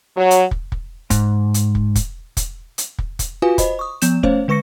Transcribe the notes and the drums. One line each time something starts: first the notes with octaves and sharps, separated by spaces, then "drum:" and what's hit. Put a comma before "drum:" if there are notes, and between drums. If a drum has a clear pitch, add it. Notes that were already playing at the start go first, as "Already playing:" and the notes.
F#3
drum: hi-hat
drum: kick
drum: kick
G#2, drum: kick, hi-hat
drum: hi-hat
drum: kick
drum: kick, hi-hat
drum: kick, hi-hat
drum: hi-hat
drum: kick
drum: kick, hi-hat
F4 F#4 B4 F5 G#5 D#6
C5 D#5 B5, drum: kick, hi-hat
C#6 D#6
F3 B3 G6 E7, drum: hi-hat
A3 C#4 C5 C#5 F5, drum: kick
D3 G#3 B4 C#6 A#6 C#7